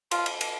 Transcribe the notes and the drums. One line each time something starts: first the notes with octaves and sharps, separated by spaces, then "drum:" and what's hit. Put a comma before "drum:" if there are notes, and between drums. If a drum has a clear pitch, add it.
F4, drum: cymbal
drum: cymbal
drum: cymbal